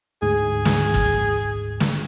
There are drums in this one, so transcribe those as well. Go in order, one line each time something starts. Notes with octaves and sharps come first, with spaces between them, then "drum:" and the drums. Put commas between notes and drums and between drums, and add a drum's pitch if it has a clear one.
D2 G#2 G#4
drum: snare
drum: kick
drum: snare